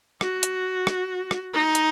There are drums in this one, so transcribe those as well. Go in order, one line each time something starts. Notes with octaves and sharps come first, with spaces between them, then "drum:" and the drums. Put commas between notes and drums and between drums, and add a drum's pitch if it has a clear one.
F#4, drum: rim click
drum: hi-hat
drum: rim click
drum: rim click
D#4
drum: hi-hat